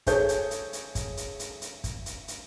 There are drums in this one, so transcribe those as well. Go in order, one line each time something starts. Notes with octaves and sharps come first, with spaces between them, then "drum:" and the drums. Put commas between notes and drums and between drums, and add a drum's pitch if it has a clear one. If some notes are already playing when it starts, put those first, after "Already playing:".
G#4 A4 C#5 G6, drum: kick, hi-hat
drum: hi-hat
drum: hi-hat
drum: hi-hat
drum: kick, hi-hat
drum: hi-hat
drum: hi-hat
drum: hi-hat
drum: kick, hi-hat
drum: hi-hat
drum: hi-hat